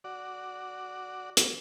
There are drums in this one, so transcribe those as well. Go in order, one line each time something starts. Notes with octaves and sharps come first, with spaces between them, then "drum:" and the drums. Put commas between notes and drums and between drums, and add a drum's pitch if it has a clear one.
F#4 D5
drum: hi-hat